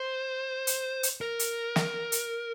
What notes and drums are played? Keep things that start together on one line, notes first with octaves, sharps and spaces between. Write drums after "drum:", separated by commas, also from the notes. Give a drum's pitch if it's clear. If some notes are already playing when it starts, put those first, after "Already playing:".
Already playing: C5
drum: hi-hat
drum: hi-hat
A#4
drum: hi-hat
drum: snare
drum: hi-hat